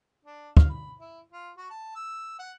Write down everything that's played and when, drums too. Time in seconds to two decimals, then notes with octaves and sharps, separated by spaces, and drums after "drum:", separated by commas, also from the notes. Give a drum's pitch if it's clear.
0.25 D4
0.57 F5, drum: kick
0.69 B5
1.00 E4
1.32 F4
1.57 F#4
1.70 A5
1.95 E6
2.39 F#5